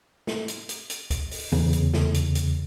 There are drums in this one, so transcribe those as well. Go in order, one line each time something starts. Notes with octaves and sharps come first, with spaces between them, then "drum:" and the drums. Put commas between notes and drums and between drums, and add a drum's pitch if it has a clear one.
drum: snare
drum: hi-hat
drum: hi-hat
drum: hi-hat
drum: kick, hi-hat
drum: open hi-hat
E2 C#3, drum: tom A2
drum: hi-hat
drum: snare
drum: hi-hat
drum: hi-hat